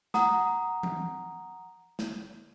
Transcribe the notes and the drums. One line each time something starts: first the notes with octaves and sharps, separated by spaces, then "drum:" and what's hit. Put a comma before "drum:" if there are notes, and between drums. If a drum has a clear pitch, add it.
F#5 A#5 D#6, drum: snare
drum: tom E3
drum: snare